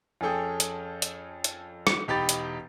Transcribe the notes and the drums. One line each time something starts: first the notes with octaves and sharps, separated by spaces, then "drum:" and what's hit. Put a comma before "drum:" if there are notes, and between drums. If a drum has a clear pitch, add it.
F2 C#4 G#4 A4 G5 D#6
drum: hi-hat
drum: hi-hat
drum: hi-hat
drum: rim click
E1 D#4 G4 G5 B5 A6
drum: hi-hat